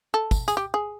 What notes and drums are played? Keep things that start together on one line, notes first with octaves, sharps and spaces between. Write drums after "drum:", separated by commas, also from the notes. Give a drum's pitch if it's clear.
A4
drum: kick, tambourine
G#4, drum: tambourine
G4
G#4